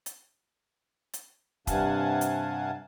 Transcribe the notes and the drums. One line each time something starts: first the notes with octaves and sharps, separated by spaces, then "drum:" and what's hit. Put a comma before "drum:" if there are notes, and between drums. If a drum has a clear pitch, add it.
drum: hi-hat
drum: hi-hat
G2 C3 F5 F#5 G#5 A5, drum: kick, hi-hat
drum: hi-hat